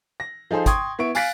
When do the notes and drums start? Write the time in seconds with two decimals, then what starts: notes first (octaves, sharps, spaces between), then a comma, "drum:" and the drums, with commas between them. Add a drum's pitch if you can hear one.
0.20 A#6
0.51 F3 D#4 G#4 A4 C5
0.66 G5 C6 C#6 D#6 G#6, drum: kick, hi-hat
0.99 B3 E4 C#6 D7
1.15 F5 G#5 F#6 A6 B6 D7, drum: open hi-hat